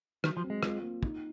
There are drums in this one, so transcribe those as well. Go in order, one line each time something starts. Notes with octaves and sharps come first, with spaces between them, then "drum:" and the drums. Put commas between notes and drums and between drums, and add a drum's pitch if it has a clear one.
D#3 F#3, drum: rim click
F3
C4
G#3
F4, drum: rim click
A#3
D#4, drum: kick